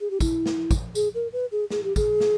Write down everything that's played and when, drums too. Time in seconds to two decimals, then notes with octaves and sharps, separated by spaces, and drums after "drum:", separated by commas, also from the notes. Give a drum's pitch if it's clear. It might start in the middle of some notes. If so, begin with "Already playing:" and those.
0.01 G#4
0.11 G4
0.20 E4, drum: kick, tambourine
0.46 drum: snare
0.71 drum: kick, tambourine
0.95 G#4, drum: tambourine
1.15 A#4
1.33 B4
1.52 G#4
1.70 G#4, drum: snare
1.84 G4
1.96 G#4, drum: kick, tambourine
2.20 drum: snare